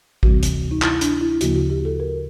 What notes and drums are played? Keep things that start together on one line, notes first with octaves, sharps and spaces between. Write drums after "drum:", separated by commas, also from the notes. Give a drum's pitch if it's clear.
D2 C3 E3 G3 C4 F#4, drum: kick
drum: hi-hat
D#4
E4, drum: clap
D4, drum: hi-hat
E4
D2 C#3 F3 A#3 F#4, drum: hi-hat
F#4
G4
A4
A#4